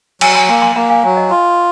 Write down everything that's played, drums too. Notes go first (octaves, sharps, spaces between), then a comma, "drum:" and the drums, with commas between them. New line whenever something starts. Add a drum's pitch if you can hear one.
F#3 G#5 C6, drum: cymbal
G#5 C6
A#3 G#5 C6
G#5 C6
A#3 F#5 A#5
F5 G#5
F#3 F5 G#5
D#5 F#5
F4